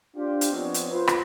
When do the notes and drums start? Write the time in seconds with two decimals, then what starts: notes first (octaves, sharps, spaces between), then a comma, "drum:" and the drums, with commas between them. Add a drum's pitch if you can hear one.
0.16 D4 F4 G4 C5
0.41 drum: hi-hat
0.52 F3 B3 C4 D4 D#4 C#5
0.74 drum: hi-hat
0.91 F4 B4 C5
1.07 drum: rim click